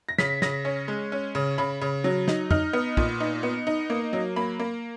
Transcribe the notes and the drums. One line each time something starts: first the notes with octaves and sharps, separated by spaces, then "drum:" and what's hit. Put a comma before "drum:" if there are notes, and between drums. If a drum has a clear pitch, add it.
A#6
C#3 B6, drum: snare
C#3 A#6, drum: snare
C#4
G#3
C#4
C#3
C#3 B5
C#3
F#3
D#4, drum: snare
D#4 F6, drum: tom F2
B3
A#2, drum: kick
D#4
B3
D#4
A#3
F#3
A#3 B5
A#3